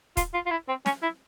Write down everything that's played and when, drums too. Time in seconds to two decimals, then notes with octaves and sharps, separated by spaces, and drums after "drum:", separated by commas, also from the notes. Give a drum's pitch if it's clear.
0.17 F4, drum: kick D#1, hi-hat
0.34 F4
0.46 F4
0.51 E4
0.68 C4
0.86 C#4, drum: snare
1.03 E4